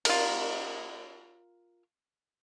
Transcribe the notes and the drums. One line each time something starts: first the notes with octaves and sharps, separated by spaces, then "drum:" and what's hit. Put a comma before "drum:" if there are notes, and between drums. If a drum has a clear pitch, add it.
F4 A#4, drum: cymbal